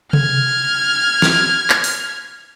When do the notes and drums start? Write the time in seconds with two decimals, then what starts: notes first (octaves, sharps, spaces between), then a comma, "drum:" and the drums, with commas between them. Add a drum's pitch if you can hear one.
0.13 F6 G#6, drum: tom C3
1.22 drum: snare
1.70 drum: clap
1.84 drum: open hi-hat